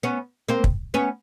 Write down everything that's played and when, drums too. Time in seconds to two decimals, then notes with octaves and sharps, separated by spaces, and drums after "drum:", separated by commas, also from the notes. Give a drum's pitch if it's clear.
0.03 B3 C#4
0.49 A#3 C4
0.64 drum: kick
0.94 B3 C#4